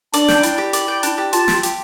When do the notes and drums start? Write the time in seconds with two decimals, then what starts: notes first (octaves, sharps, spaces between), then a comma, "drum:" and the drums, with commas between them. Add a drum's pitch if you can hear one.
0.13 D4 D5, drum: hi-hat
0.28 G5, drum: snare
0.43 D4 E4, drum: hi-hat
0.58 G4
0.73 D5, drum: hi-hat
0.88 G5
1.03 D4, drum: hi-hat
1.18 G4
1.33 F4 A5, drum: hi-hat
1.48 G4, drum: snare
1.63 G4, drum: hi-hat